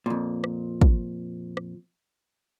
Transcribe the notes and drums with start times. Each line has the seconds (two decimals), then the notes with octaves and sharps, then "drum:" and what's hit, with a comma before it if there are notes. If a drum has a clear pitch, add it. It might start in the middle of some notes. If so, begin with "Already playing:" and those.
0.06 F2 A#2
0.44 drum: rim click
0.81 drum: kick
1.57 drum: rim click